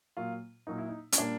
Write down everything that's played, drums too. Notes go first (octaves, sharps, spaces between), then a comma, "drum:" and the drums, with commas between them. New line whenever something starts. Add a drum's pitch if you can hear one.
A#2 F#3 A#3 F4
A#2 F#3 A#3 D#4
E4
D#4
C#4, drum: hi-hat
A#2 G3 A#3 D4